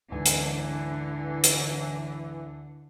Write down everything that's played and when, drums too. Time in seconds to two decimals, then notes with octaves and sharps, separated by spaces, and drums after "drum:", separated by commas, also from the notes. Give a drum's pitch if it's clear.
0.11 D2 G#2 D3 E3 G#5
0.26 drum: hi-hat
1.44 drum: hi-hat